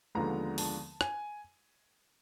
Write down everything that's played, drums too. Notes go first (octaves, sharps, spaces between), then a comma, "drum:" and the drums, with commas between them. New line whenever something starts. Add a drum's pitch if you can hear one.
D#2 D3 F3 G#3 B3 A#5
A5, drum: open hi-hat
G#5, drum: rim click